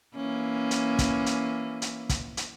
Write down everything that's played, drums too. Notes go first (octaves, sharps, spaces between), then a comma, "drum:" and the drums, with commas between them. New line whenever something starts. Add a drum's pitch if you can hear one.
E3 A#3 C#4
drum: hi-hat
drum: kick, hi-hat
drum: hi-hat
drum: hi-hat
drum: kick, hi-hat
drum: hi-hat